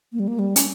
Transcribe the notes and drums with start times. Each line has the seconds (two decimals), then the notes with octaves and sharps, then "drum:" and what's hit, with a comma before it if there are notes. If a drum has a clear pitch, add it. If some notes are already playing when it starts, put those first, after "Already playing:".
0.13 A#3
0.20 G3
0.28 A#3
0.39 G3
0.56 C#4, drum: hi-hat